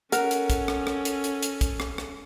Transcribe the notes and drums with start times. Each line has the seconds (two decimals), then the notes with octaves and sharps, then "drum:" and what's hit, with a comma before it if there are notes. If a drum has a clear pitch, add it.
0.12 C#4 A4 A#4 F#5, drum: hi-hat
0.31 drum: hi-hat
0.50 drum: kick, hi-hat
0.68 drum: rim click
0.87 drum: rim click
1.05 drum: hi-hat
1.24 drum: hi-hat
1.43 drum: hi-hat
1.61 drum: kick, hi-hat
1.80 drum: rim click
1.98 drum: rim click